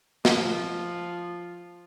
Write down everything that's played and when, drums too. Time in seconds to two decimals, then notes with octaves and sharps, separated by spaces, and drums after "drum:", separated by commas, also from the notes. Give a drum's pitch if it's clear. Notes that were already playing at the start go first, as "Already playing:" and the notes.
0.25 F3, drum: snare